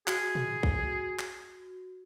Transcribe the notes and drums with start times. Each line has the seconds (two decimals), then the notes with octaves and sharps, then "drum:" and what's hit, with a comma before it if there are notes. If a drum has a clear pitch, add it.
0.07 F#4 G#4, drum: clap
0.35 drum: tom
0.63 drum: kick A#1
1.19 drum: clap